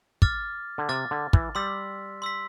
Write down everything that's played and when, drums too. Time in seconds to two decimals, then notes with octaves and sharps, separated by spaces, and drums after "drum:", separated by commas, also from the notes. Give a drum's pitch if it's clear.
0.22 D6 F6 A6, drum: kick
0.78 D3
0.89 C3 D6 F6 A6
1.11 D3
1.33 E3, drum: kick
1.55 G3 C6 E6 B6
2.22 C6 E6 B6